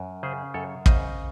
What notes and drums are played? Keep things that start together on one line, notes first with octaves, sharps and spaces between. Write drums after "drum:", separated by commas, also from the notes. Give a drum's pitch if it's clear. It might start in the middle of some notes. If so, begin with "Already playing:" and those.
Already playing: F#2
C#3 G#4 C5
F#2 A4 C#5
C#3 C5 D#5, drum: kick